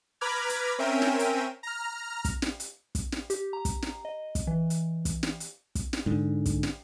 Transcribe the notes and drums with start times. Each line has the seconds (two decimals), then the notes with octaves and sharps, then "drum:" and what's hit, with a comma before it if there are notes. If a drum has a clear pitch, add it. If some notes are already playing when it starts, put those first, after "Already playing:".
0.21 B4 A#5 B5 D6 F6 G#6
0.49 drum: hi-hat
0.78 C4 C#4 A#4 E5 G5 D#7
1.02 drum: snare
1.19 drum: hi-hat
1.63 A#5 F6
2.25 drum: kick, hi-hat
2.42 drum: snare
2.60 drum: hi-hat
2.95 drum: kick, hi-hat
3.12 drum: snare
3.30 G4, drum: hi-hat
3.53 A#5
3.65 drum: kick, hi-hat
3.82 drum: snare
4.05 D#5
4.35 drum: kick, hi-hat
4.47 E3
4.70 drum: hi-hat
5.05 drum: kick, hi-hat
5.23 drum: snare
5.40 drum: hi-hat
5.75 drum: kick, hi-hat
5.93 drum: snare
6.06 G#2 D3
6.46 drum: kick, hi-hat
6.63 drum: snare